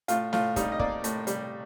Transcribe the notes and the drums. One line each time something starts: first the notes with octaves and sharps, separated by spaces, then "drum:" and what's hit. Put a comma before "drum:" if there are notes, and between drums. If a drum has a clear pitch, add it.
A2 F4, drum: hi-hat
A2 F4, drum: snare
G3 D#4, drum: kick, hi-hat
D#5
A#3 D5, drum: kick
A2, drum: hi-hat
G3, drum: hi-hat